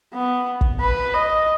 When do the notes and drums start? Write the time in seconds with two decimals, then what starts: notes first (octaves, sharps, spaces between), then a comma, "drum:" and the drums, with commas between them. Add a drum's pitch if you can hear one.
0.14 B3
0.61 drum: kick
0.80 B4
1.13 D#5